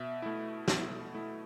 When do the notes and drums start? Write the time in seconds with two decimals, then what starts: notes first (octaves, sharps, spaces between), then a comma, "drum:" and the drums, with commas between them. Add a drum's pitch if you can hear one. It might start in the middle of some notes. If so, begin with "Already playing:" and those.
Already playing: B2 E5
0.22 A3 E4
0.68 B2, drum: snare
1.14 A3 E4